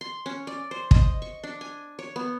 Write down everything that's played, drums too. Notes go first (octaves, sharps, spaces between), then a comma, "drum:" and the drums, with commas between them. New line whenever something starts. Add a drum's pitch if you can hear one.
C6
C#4
D5
C5
D#5, drum: kick
C#6
D4
G#5
C#5
B3